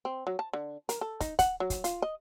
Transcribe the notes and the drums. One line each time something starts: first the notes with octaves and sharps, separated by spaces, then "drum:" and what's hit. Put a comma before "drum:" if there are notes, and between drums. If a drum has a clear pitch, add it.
C4
F#3
A5
D3
A#4, drum: hi-hat
A4
D#4, drum: kick, hi-hat
F#5, drum: kick, hi-hat
F#3
drum: kick, hi-hat
F4, drum: hi-hat
D#5